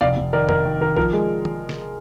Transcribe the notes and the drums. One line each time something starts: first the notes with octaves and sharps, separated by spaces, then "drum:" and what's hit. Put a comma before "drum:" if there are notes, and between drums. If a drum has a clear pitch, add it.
F1 D5 F5
F1
D#3 A#4 D5
D#3 A#4, drum: tom F2
D#3
D#3 A#4
F3 A#4, drum: kick A#1
G#3
drum: tom
drum: snare